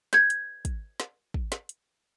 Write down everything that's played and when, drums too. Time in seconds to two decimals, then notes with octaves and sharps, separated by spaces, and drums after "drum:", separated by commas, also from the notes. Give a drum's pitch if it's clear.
0.13 G6 G#6, drum: snare
0.30 drum: hi-hat
0.65 drum: kick, hi-hat
1.00 drum: snare
1.34 drum: kick
1.52 drum: snare
1.69 drum: hi-hat